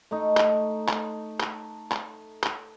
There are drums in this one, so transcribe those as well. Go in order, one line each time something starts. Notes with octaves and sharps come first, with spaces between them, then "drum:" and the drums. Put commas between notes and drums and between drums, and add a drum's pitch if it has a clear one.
A3 D#4
drum: clap
drum: clap
drum: clap
drum: clap
drum: clap